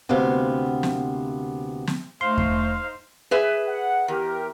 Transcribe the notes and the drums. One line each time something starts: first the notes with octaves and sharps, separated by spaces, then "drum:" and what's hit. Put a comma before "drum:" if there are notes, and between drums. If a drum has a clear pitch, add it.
D2 C3 A#3 B3 F5
drum: snare
drum: snare
A3 D#4 C5 F5 C6
drum: kick E2
G#4 B4 E5
F#5
E2 G4 A#4